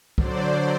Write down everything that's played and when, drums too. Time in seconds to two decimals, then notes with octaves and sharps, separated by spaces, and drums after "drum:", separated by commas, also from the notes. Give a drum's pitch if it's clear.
0.18 D3 F#3 C5 D5, drum: kick C2